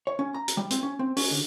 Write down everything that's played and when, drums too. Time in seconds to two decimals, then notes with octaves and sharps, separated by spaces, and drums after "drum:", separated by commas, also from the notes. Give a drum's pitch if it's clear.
0.07 C#5
0.19 C#4
0.34 A#5
0.48 drum: hi-hat
0.57 G3
0.71 C4, drum: hi-hat
0.83 C#4
0.99 C4
1.17 C#4, drum: open hi-hat
1.31 D3